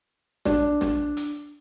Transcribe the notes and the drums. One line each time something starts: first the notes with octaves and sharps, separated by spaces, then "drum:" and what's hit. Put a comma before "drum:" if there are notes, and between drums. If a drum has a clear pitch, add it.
D4, drum: snare
drum: snare
drum: hi-hat